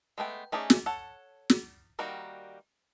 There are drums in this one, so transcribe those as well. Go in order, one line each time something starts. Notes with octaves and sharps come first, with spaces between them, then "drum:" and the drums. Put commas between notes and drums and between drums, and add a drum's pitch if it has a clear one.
G#3 A3 B3 G5
A3 C#4 D#4 G#4 D5
drum: snare
A4 C#5 F#5
drum: snare
D#3 G3 A#3 F#4